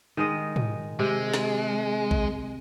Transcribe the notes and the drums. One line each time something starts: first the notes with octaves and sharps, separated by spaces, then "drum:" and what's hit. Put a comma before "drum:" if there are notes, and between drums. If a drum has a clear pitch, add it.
D#3 G#3 D#5
drum: tom
C3 G#3
drum: snare
drum: kick A#1